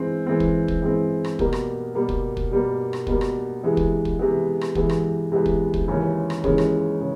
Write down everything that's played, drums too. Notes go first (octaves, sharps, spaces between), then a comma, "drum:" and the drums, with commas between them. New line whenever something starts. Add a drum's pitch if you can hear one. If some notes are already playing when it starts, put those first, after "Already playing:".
Already playing: E3 G#3 C4
E3 G#3 C4
drum: kick
drum: kick
E3 G#3 C4
drum: rim click
B2 G3 A#3, drum: kick
drum: rim click
B2 G3 A#3
drum: kick
drum: kick
B2 G3 A#3
drum: rim click
B2 G3 A#3, drum: kick
drum: rim click
C3 E3 G#3 B3
drum: kick
drum: kick
C3 E3 G#3 B3
drum: rim click
C3 E3 G#3 B3, drum: kick
drum: rim click
C3 E3 G#3 B3
drum: kick
drum: kick
D#2 C#3 E3 G#3 C#4
drum: rim click
D#2 C#3 E3 G#3 C#4, drum: kick
drum: rim click
C#3